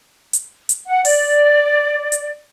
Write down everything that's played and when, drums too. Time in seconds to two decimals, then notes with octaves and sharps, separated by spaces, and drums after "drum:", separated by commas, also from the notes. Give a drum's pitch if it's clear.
0.33 drum: hi-hat
0.69 drum: hi-hat
0.88 F#5
1.05 D5, drum: open hi-hat
2.12 drum: hi-hat